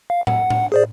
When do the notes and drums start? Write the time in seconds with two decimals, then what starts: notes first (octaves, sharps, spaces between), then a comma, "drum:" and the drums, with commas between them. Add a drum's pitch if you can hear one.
0.10 F5
0.27 F#5, drum: tom A2
0.50 drum: tom A2
0.72 G#4 C5 D5